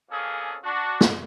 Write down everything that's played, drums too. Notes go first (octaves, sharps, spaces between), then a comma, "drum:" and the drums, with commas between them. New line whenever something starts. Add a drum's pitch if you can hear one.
F2 C#3 A#3 C#4 G#4 A4
D4 F#4
drum: snare